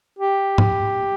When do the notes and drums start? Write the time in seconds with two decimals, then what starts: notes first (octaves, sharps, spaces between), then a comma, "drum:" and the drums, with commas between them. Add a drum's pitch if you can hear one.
0.19 G4
0.58 drum: tom